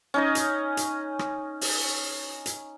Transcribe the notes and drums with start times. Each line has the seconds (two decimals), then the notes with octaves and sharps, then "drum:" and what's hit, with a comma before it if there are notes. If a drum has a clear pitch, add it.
0.14 C#4 D#4 D#5
0.35 drum: hi-hat
0.77 drum: hi-hat
1.19 drum: rim click
1.61 drum: open hi-hat
2.46 drum: hi-hat